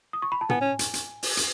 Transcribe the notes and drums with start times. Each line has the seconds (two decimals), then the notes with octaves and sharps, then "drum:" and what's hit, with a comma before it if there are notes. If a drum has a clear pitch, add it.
0.13 D#6
0.22 C#6
0.32 B5
0.41 A5
0.49 B3 G#5, drum: tom
0.61 C#4
0.79 drum: hi-hat
0.94 drum: hi-hat
1.23 drum: open hi-hat
1.37 drum: hi-hat